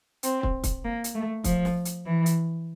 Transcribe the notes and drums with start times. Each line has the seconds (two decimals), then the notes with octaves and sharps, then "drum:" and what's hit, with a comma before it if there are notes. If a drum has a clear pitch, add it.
0.23 C4, drum: hi-hat
0.43 drum: kick
0.64 drum: kick, hi-hat
0.84 A#3
1.04 drum: hi-hat
1.14 A3
1.44 F3, drum: kick, hi-hat
1.65 drum: snare
1.85 drum: hi-hat
2.06 E3
2.26 drum: hi-hat